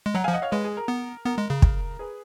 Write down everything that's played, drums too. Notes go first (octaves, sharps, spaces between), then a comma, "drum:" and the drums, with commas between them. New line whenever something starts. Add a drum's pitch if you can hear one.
G#3
F#3 F#5 A#5
F3 F5 G#5
D#5 F#5
C#5 F5
G#3 G#4 B4
G#4
A#4
B3
B3 A#4
G#3
C#3
drum: kick
G#4 B4